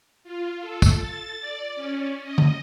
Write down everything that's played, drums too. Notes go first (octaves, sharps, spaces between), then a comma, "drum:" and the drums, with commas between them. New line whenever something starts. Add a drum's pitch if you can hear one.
F4
A4
drum: kick, tambourine
A6
D5
C#4
D#5
drum: tom D3